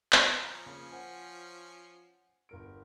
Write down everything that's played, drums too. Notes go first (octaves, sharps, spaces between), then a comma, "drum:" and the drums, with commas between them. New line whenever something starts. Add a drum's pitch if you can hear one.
drum: clap
F3 C#4 A#5 B6
C#3 A#3
C5 F#5 G#5
G1 A#4 D7